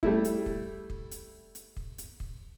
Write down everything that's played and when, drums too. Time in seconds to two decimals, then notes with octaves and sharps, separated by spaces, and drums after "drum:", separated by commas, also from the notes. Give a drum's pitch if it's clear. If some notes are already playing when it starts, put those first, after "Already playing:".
0.03 G3 A3 E4, drum: kick
0.24 drum: hi-hat
0.46 drum: kick
0.90 drum: kick
1.11 drum: hi-hat
1.55 drum: hi-hat
1.77 drum: kick
1.98 drum: hi-hat
2.20 drum: kick